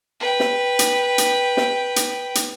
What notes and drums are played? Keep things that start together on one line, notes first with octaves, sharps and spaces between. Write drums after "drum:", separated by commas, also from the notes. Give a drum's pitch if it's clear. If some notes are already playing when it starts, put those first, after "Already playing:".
B4 G5
drum: snare
drum: hi-hat
drum: hi-hat
drum: snare
drum: hi-hat
drum: hi-hat